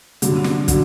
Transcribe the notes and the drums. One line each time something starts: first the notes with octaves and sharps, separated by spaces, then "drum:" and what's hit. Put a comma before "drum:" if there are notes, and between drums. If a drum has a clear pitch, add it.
G2 D3 F#3, drum: hi-hat
drum: snare
D3 F#3, drum: kick, hi-hat